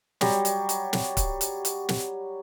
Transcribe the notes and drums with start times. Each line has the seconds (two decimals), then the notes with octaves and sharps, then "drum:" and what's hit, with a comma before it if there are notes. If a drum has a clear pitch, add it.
0.21 F#3 G3, drum: snare
0.45 drum: hi-hat
0.69 drum: hi-hat
0.93 drum: snare
1.17 drum: kick C#1, hi-hat
1.41 drum: hi-hat
1.65 drum: hi-hat
1.89 drum: snare